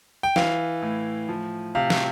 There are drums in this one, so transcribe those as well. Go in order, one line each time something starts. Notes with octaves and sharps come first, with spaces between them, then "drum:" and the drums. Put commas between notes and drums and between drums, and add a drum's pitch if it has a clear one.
G5
E3 F5, drum: snare
A2
F3
C3 F5
drum: snare